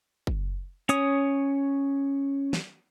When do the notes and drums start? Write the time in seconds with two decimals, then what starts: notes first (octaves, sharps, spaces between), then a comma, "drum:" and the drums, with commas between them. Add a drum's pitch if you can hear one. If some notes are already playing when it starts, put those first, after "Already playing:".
0.27 drum: kick
0.89 C#4 C#5 D#6, drum: hi-hat
2.53 drum: snare